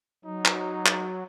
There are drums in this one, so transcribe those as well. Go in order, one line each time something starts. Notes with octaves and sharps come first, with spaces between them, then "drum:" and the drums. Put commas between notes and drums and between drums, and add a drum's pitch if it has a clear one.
F#3 D#4
drum: clap
drum: clap